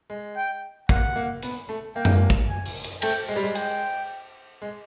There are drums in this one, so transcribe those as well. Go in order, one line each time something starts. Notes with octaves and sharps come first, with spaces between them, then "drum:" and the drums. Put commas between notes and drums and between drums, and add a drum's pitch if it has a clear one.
G#3
G5
A#3 F#5, drum: kick
A#3
B3, drum: hi-hat
A3
A#3 G5
drum: tom F#2
drum: kick
G#5
drum: open hi-hat
drum: hi-hat
A3 G5, drum: cymbal
G#3
G3
G#3
G5, drum: hi-hat
G#3